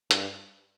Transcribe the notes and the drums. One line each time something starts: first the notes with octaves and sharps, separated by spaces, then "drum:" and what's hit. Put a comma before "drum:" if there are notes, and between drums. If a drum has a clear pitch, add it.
G2, drum: hi-hat